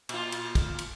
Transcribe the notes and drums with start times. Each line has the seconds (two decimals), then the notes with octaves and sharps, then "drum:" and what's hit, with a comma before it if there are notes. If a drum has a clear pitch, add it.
0.09 A#2 F4, drum: cymbal
0.32 drum: cymbal
0.55 drum: kick, cymbal
0.79 drum: cymbal